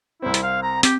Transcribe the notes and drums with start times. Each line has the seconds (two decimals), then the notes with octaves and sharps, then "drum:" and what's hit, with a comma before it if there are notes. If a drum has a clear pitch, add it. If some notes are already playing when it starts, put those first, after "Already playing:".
0.22 C2 C4 E4
0.34 drum: hi-hat
0.43 F5
0.63 A#5
0.83 C4 G4, drum: hi-hat